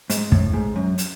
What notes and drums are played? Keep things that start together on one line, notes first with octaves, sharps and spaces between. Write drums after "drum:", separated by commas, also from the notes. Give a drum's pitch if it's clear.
G#2, drum: hi-hat
A2, drum: kick
G#2
F#2
drum: hi-hat